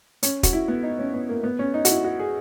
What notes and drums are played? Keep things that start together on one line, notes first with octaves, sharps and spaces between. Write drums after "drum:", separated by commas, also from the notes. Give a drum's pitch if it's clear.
C#4, drum: hi-hat
F#4, drum: kick, hi-hat
E4
B3
D#4
C#4
B3
A#3
B3
C#4
D#4
F#4, drum: hi-hat
E4
F#4
G#4